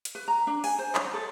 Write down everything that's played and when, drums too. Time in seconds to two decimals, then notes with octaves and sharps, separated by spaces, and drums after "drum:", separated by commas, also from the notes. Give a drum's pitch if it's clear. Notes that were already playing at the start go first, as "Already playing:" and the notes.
0.05 drum: hi-hat
0.15 B4
0.28 A#5
0.47 D4
0.64 G#5, drum: cymbal
0.79 C5
0.95 C#5, drum: clap
1.14 A4